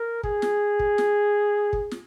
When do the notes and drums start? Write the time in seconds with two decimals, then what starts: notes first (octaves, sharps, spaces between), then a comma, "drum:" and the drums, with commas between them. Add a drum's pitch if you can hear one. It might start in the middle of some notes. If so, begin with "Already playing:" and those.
Already playing: A#4
0.23 G#4, drum: kick
0.42 drum: snare
0.79 drum: kick
0.98 drum: snare
1.73 drum: kick
1.91 drum: snare